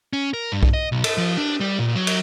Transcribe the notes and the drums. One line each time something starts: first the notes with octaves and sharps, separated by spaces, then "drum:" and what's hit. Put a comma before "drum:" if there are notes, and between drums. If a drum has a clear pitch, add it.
C#4
A#4
G2
drum: kick B1
D#5
B1
A4, drum: cymbal
F3
D4
G3
A#2
F#3
drum: cymbal